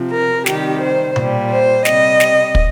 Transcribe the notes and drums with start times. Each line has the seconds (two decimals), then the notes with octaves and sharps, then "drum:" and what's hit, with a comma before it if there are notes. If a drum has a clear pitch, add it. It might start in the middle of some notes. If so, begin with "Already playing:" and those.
Already playing: C3 F3
0.11 A#4
0.46 C3 D#3 G3 G4, drum: snare
0.81 C5
1.16 A#2 G3, drum: tom B2
1.50 C5
1.85 C3 G3 D#5, drum: snare
2.20 drum: snare
2.55 drum: kick